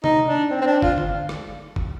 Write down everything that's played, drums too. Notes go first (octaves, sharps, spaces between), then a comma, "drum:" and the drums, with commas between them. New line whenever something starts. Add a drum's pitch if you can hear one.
D#4, drum: tom C3
D4
C4
C4
D4
F4, drum: kick F#1
drum: tom D3
drum: rim click
drum: kick F#1